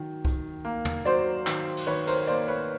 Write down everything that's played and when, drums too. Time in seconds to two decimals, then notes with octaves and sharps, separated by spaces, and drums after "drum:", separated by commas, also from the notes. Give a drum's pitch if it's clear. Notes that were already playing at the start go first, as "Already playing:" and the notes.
Already playing: D#3 F#3
0.25 D#3, drum: kick C2
0.65 A#3
0.85 drum: tom
1.05 F#3 C5 D5
1.47 D#3, drum: clap
1.77 drum: cymbal
1.87 D#3 B4 C#5
2.07 A#4 C5, drum: cymbal
2.27 A#3 C5 D5
2.48 B4 C#5